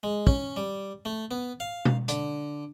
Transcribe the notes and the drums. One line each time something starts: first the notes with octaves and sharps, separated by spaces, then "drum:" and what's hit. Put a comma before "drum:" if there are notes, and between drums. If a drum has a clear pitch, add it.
G#3
C#4, drum: kick
G3
A3
B3
F5
drum: tom B2
D3, drum: hi-hat